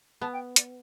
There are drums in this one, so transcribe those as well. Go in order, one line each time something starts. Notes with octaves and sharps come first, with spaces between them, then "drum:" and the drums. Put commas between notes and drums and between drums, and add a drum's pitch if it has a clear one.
B3 A5
G5
D5, drum: hi-hat